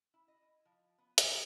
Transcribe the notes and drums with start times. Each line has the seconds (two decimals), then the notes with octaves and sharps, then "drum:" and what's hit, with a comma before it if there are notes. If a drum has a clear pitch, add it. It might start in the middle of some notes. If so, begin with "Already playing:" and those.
0.14 E4
0.28 D#5
0.42 E4
0.65 F3
0.98 B3
1.18 D#4, drum: hi-hat